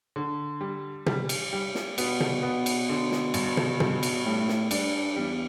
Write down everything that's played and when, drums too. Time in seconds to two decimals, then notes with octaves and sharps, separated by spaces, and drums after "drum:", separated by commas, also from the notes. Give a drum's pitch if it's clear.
0.16 D3
0.61 G3
1.06 G3, drum: tom
1.29 drum: cymbal
1.53 G3
1.75 drum: snare
1.98 B2 B3, drum: cymbal
2.20 drum: tom
2.43 B3
2.66 drum: cymbal
2.89 D3
3.12 drum: snare
3.34 G2, drum: cymbal
3.57 drum: tom
3.80 G2, drum: tom
4.03 drum: cymbal
4.25 A2 G3
4.48 drum: snare
4.71 G2 D4, drum: cymbal
5.16 E2 G3